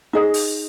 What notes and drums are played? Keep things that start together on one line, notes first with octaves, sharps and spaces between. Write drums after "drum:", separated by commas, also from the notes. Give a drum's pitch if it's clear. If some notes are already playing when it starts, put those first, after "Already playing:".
D#4 G#4 D#5
drum: open hi-hat